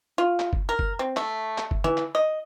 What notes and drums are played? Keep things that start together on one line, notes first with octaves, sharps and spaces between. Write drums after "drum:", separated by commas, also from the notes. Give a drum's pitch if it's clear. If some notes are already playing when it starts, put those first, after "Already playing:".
F4
drum: clap
drum: kick F#1
A#4
drum: kick F#1
C4
A3, drum: clap
drum: clap
drum: kick F#1
E3, drum: tom D3
drum: clap
D#5